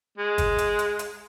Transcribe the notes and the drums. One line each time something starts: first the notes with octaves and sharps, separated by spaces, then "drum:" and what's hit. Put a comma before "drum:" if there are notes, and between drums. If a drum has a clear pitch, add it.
G#3
drum: kick G1, hi-hat
drum: hi-hat
drum: hi-hat
drum: hi-hat